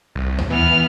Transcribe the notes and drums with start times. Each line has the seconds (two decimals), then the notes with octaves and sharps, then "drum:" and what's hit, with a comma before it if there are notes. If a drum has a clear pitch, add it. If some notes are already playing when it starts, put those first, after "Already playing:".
0.15 C2
0.38 drum: tom D#2
0.50 E3 B3 F6